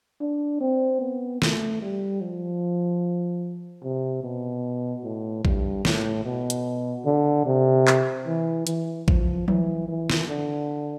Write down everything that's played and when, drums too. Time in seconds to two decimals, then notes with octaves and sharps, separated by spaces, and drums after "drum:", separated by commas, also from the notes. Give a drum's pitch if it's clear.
0.21 D4
0.61 C4
1.01 B3
1.42 A3, drum: snare
1.82 G3
2.21 F3
3.84 C3
4.24 B2
5.04 A2
5.45 G2, drum: kick A1
5.85 A2, drum: snare
6.25 B2
6.50 drum: hi-hat
7.05 D3
7.46 C3
7.87 drum: clap
8.26 E3
8.67 E3, drum: hi-hat
9.08 F3, drum: kick A1
9.48 E3, drum: tom F3
9.88 E3
10.10 drum: snare
10.28 D3